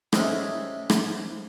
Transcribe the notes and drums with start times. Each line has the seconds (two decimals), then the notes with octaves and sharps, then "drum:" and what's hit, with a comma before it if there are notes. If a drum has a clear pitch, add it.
0.13 C3 G#3 A3 C#4 G#4, drum: rim click
0.90 drum: rim click